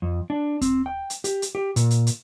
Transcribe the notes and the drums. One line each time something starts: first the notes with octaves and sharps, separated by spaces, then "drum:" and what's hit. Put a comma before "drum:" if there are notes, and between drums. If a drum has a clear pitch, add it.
F2
D4
C4, drum: kick D#2, hi-hat
G5
drum: hi-hat
G4, drum: hi-hat
drum: hi-hat
G4
A#2, drum: hi-hat
drum: hi-hat
drum: hi-hat